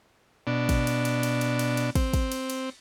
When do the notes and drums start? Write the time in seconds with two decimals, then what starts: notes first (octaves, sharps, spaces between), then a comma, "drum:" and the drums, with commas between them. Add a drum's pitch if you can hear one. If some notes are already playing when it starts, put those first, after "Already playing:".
0.47 B2 D4
0.69 drum: kick, cymbal
0.87 drum: cymbal
1.05 drum: cymbal
1.23 drum: cymbal
1.41 drum: cymbal
1.59 drum: cymbal
1.77 drum: cymbal
1.95 C4, drum: kick, cymbal
2.14 drum: kick, cymbal
2.32 drum: cymbal
2.50 drum: cymbal